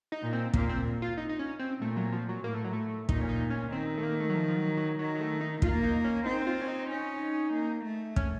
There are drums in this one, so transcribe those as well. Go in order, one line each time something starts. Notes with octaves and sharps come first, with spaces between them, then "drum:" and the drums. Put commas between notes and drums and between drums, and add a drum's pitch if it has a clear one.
D#4
A#2
C4
A#2 A#3, drum: kick
C4
F4
D#4
D#4
C#4
C4
A#2 A3
F#3
F3
F#3
A2 A#3
A3
F#3
A3
A#2 D#4, drum: kick
C#4
D#4
C#4
D#3 C4
A3
A#3
A3
F#3
F3
F3
F#3
F#3
D#3 F#3
F#3
A3
D#4
A#3 F4, drum: kick
D#4
C#4
C4 D#4
F4
C#4
D#4
C#4
A#3
A3
C#4, drum: kick